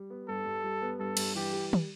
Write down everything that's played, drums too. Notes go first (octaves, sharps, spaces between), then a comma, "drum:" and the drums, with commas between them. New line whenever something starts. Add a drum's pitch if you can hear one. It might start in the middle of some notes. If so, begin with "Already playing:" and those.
Already playing: G3
B3
G2 A4
G2
G3
B3
G2 A4
G2, drum: cymbal
E3 G4
G3
drum: tom